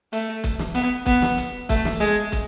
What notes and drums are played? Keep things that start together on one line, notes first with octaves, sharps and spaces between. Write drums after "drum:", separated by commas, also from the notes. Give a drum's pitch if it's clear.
A3, drum: hi-hat
drum: kick, hi-hat
drum: snare
B3, drum: hi-hat
B3, drum: kick, hi-hat
drum: snare
drum: hi-hat
A3, drum: kick, hi-hat
drum: snare
G#3, drum: hi-hat
drum: kick, hi-hat